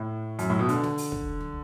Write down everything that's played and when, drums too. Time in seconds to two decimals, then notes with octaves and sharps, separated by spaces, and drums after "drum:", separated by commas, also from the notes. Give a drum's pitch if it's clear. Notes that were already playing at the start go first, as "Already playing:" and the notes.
Already playing: A2
0.39 F#2, drum: hi-hat
0.50 A2
0.59 B2
0.69 D3, drum: hi-hat
0.83 drum: snare
0.98 drum: open hi-hat
1.12 drum: kick
1.41 drum: tom